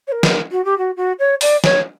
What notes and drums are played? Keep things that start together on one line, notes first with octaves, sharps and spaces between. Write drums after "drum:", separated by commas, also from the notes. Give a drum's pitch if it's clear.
C#5
A#4
drum: snare
F#4
G4
F#4
F#4
C#5
D5, drum: open hi-hat
C#5, drum: snare